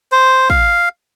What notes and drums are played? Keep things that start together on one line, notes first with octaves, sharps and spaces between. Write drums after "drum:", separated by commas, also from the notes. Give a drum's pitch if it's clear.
C5
F5, drum: kick